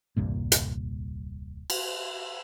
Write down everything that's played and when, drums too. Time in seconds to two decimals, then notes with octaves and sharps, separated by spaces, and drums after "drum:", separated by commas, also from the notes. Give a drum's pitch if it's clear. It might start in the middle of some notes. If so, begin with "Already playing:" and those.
0.17 D#1 C2 G2 A#2
0.52 drum: hi-hat
1.70 drum: cymbal